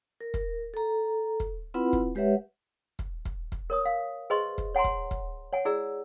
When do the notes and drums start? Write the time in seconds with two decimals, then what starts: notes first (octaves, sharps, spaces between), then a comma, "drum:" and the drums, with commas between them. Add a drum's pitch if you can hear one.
0.21 A#4
0.34 drum: kick
0.74 A4 A#5
1.40 drum: kick
1.74 C4 E4 F4 B4 F#5 B5
1.93 drum: kick
2.15 G#3 G4 B4 C#5 E5 F#5
2.99 drum: kick
3.25 drum: kick
3.52 drum: kick
3.70 A#4 C#5 D#6
3.85 F5
4.30 G#4 B4 C5 D#5 C6 C#6
4.58 drum: kick
4.75 C#5 F#5 G#5 A#5 C6
4.84 drum: kick
5.11 drum: kick
5.53 C#5 F#5 G#5
5.65 E4 G#4 D5 A#5 E6